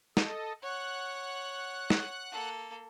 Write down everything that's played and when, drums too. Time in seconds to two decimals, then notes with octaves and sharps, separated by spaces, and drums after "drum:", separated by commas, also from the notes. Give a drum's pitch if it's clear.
0.17 A4 D#5, drum: snare
0.62 C#5 F#5 F#6
1.90 drum: snare
2.32 A#3 A4